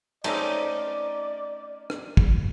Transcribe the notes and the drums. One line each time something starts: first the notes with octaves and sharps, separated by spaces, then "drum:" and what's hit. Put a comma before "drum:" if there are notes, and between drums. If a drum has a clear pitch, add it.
A3 C4 C#4 D#4 D5, drum: cymbal
drum: rim click
drum: kick